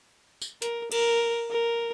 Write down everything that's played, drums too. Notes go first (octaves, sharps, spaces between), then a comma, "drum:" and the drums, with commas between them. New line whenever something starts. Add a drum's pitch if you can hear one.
drum: tambourine
A#4, drum: hi-hat
A#4, drum: cymbal
A#4